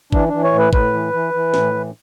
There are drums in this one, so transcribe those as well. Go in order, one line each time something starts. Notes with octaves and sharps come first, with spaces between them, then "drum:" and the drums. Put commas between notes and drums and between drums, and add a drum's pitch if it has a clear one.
E3 D4, drum: kick
E3 D4
C#5
A2
B4
A2 B4, drum: kick
E3
E3
E3
A2, drum: snare
E3